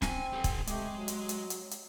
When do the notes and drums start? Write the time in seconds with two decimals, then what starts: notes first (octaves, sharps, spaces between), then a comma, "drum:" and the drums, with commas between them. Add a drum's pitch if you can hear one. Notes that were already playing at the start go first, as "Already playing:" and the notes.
0.02 C4 G#5, drum: snare
0.33 G4 A4
0.44 drum: kick, hi-hat
0.67 C3 G#3 A3 G4, drum: hi-hat
0.94 F#3
1.08 drum: hi-hat
1.29 drum: hi-hat
1.50 drum: hi-hat
1.71 drum: hi-hat